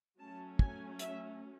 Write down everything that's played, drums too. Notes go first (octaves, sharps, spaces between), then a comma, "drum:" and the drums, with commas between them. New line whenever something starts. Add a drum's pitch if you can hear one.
F#3 A3 C#4 A5
G#5, drum: kick
E5, drum: hi-hat